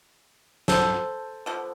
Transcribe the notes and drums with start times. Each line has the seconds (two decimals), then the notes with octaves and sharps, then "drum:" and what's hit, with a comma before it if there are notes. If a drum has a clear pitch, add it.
0.68 D3 F3 B3 A4 C5, drum: snare
1.46 D3 F3 B3